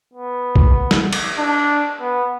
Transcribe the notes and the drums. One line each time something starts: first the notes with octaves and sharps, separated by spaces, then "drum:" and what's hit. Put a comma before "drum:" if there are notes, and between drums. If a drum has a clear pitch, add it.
B3
drum: kick A#1
drum: snare
drum: cymbal
D4
B3